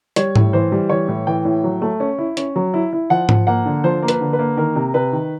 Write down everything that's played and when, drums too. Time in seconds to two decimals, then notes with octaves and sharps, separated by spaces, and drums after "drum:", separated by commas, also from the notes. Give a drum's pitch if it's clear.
0.16 G3 C#5, drum: hi-hat
0.36 A2, drum: tom G#2
0.53 E3 C5
0.72 G3
0.90 E3 C#5
1.08 A2
1.27 E3 G5
1.45 A2
1.64 F#3
1.82 A3
2.00 C#4
2.18 E4
2.37 C#4, drum: hi-hat
2.56 F#3
2.74 E4
2.93 E4
3.10 F3 F#5
3.29 F3, drum: tom G#2
3.47 A#3 F#5
3.66 D3
3.84 F3 C5
4.02 A#3
4.08 B4, drum: hi-hat
4.21 D3
4.33 B4
4.39 A#3
4.57 D#3 A#4
4.76 C3
4.94 C3 B4
5.12 D#3